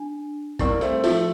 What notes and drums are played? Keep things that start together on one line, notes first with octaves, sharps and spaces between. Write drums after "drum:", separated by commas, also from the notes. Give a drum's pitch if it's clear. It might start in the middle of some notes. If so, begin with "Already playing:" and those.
Already playing: D4
G3 A#3 E4 G4 A#4, drum: kick A1, hi-hat
A3 C4, drum: hi-hat
F3 A3, drum: open hi-hat